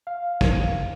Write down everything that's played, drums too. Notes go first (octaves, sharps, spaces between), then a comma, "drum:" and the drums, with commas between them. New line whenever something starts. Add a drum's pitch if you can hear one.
F5
drum: kick